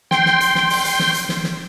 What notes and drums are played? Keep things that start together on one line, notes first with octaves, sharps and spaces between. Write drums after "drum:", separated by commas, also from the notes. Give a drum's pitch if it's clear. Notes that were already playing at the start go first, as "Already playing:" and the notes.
G5 C6, drum: snare
drum: snare
drum: hi-hat
drum: snare
drum: open hi-hat
drum: hi-hat
drum: snare
drum: hi-hat
drum: snare
drum: snare